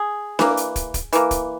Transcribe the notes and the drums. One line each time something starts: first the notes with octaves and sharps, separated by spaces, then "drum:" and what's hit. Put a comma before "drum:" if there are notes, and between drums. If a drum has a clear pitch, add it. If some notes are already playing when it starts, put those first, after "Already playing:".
Already playing: G#4
E3 A#3, drum: snare D4
drum: hi-hat
drum: kick, hi-hat
drum: kick, hi-hat
E3 A#3, drum: hi-hat
drum: kick, hi-hat